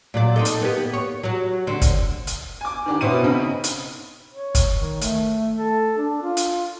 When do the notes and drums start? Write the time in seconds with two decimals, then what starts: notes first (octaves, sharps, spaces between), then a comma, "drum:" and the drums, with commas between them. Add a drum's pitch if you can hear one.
0.14 A#2 F#3 D5
0.36 C4 D#4 A4
0.45 drum: hi-hat
0.60 A#3 B3 G4
0.94 C#5
1.23 F#3 F#4
1.67 D3 C4
1.82 drum: kick, hi-hat
2.27 drum: hi-hat
2.61 G#5 D6
2.86 D#3 D4 G4
3.01 B2 B3 C#4 E4 C5 D#7
3.24 C#3 C4 D#4 B5
3.64 drum: hi-hat
4.32 C#5
4.55 drum: kick, hi-hat
4.74 D#3
5.01 A3, drum: hi-hat
5.55 A4
5.97 D4
6.22 F4
6.37 drum: hi-hat